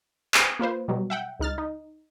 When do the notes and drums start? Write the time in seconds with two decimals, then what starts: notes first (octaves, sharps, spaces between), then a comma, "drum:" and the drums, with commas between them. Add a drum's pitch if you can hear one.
0.34 B4 C5 G5 G#5 C#6, drum: clap
0.59 A#3 F4 B4 C5
0.88 B2 F#3 G3
1.10 E5 F#5 G5
1.40 C#2 D#4 F6 A6
1.58 D#4